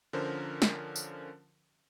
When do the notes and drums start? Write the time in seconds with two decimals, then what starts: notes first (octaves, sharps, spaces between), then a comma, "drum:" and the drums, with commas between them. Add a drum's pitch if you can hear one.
0.13 D3 F3 C#4 A#4 C5
0.62 drum: snare
0.96 drum: tambourine